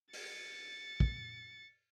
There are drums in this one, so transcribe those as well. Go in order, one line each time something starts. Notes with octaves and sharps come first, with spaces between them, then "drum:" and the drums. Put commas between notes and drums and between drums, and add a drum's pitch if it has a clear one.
A6 C#7, drum: open hi-hat
drum: kick